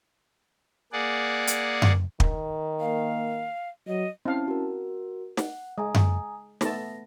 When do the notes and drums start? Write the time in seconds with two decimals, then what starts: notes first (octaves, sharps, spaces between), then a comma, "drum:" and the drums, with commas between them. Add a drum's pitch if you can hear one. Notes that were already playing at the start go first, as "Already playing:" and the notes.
0.92 A#3 G#4 D5 F#5
1.47 drum: hi-hat
1.82 drum: tom F#2
2.20 D#3, drum: kick
2.80 A#3 F5
3.87 F#3 D#5
4.25 C4 C#4 E4 F5 A5
4.48 F#4 A#4
5.37 F#5, drum: snare
5.78 G#3 G#5 A#5 D#6
5.95 drum: tom F#2
6.61 A3 B3 A5 A#6, drum: snare